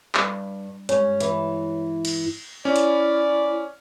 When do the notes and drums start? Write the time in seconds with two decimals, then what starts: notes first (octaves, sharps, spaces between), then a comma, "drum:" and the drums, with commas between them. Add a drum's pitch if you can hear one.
0.15 G2, drum: clap
0.89 G2 G#3 C#4 C#5 C#6, drum: hi-hat
1.20 E3, drum: hi-hat
2.05 drum: cymbal
2.65 C#4 E4 D5
2.76 drum: hi-hat